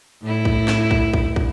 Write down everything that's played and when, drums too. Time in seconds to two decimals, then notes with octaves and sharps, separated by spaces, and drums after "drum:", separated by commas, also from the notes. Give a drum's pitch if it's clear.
0.23 A2 E4
0.45 drum: kick
0.68 drum: snare
0.91 drum: kick
1.14 drum: kick
1.36 drum: kick